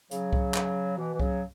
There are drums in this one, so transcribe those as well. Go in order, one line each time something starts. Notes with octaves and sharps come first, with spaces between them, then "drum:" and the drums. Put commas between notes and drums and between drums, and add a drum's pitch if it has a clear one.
C#3 F#3, drum: hi-hat
drum: kick C2
drum: clap
B2 E3
E3
C#3 F#3, drum: kick C2